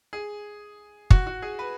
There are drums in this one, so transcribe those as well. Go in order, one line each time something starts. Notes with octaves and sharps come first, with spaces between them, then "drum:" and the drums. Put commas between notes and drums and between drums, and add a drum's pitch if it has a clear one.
G#4
F#4, drum: kick
F#4
G#4
B4